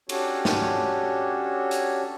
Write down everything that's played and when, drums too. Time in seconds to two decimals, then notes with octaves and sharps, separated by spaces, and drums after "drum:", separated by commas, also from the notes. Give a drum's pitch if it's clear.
0.09 C#4 D4 F#4 G4 A4 C#5, drum: cymbal
0.45 drum: snare
1.71 drum: hi-hat